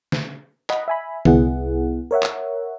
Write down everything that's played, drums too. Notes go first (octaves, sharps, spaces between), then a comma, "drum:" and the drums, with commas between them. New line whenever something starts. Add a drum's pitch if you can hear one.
drum: snare
D#5 F#5 B5, drum: clap
E5 G#5 B5
C2 B3 E4 G#4 F#5, drum: tom D3
A#4 C#5 E5 F#5
drum: clap